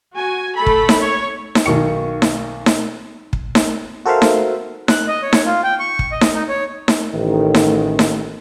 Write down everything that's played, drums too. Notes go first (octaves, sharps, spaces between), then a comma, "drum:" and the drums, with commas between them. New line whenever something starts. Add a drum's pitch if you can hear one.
F#4 G#5
A3 A4 B5
drum: kick
drum: snare D#4
C#5
drum: snare D#4
B1 D#3 C#6 C#7
drum: snare D#4
drum: snare D#4
drum: kick
drum: snare D#4
F#4 A4 A#4 C5 E5 F5
drum: snare D#4
F#6, drum: snare D#4
D#5
C#5
drum: snare D#4
F4
G5
C#6
drum: kick
D#5
drum: snare D#4
D#4
C#5
drum: snare D#4
A1 D#3
drum: snare D#4
drum: snare D#4